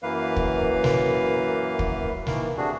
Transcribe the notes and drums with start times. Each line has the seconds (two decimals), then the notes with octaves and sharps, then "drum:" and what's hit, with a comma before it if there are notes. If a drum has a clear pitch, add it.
0.03 F#2 E3 A#3 B4 F5
0.36 drum: kick
0.84 drum: snare
1.79 drum: kick
2.27 D#3 E3 A#3, drum: snare
2.57 C3 A3 D4 F#4 G#4